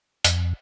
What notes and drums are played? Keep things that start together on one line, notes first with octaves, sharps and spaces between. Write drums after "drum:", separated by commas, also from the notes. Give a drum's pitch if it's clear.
F2, drum: hi-hat